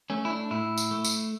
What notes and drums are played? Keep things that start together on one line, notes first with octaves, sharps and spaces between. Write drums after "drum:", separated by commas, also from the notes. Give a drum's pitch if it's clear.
A3 C#4
E4
D4
A2 E4
drum: tambourine
A3
drum: tambourine